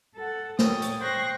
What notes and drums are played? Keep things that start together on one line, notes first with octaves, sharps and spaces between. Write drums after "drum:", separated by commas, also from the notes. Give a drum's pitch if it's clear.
A4 F#5
A4 C#5 G5 D#6, drum: snare
drum: hi-hat
C5 G5 C6 C#6 F#6 A#6